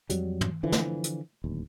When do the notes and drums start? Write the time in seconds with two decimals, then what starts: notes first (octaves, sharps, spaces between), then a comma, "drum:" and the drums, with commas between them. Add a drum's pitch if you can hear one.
0.10 F2 F#3 G3, drum: hi-hat
0.41 drum: tom
0.63 D3 E3 F3
0.72 drum: snare
1.04 drum: hi-hat
1.44 D1 D#2